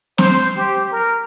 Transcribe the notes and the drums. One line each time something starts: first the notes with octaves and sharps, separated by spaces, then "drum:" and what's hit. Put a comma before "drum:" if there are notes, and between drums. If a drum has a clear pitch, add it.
C5, drum: snare
G4
A#4